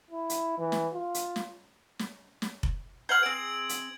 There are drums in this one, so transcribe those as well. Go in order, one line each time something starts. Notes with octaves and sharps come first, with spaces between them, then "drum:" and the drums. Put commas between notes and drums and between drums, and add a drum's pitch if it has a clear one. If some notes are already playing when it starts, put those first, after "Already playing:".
E4
drum: hi-hat
E3
drum: snare
F4
drum: hi-hat
drum: snare
drum: snare
drum: snare
drum: kick F1
C5 F#5 F6 G#6 F#7
C4 G#4 D7
drum: hi-hat